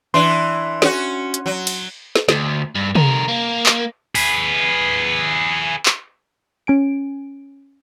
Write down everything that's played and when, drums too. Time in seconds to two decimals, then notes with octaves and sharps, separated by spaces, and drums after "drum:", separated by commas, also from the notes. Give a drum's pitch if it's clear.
0.14 E3 D4 C6
0.82 C#4 F#4, drum: snare
1.34 drum: hi-hat
1.46 F#3
1.67 drum: cymbal
2.16 drum: snare
2.29 D2, drum: snare
2.75 G2
2.95 D3 A#4, drum: tom
3.28 A#3
3.66 drum: clap
4.15 G#4 B4, drum: open hi-hat
5.86 drum: clap
6.67 C#4 G#5 D7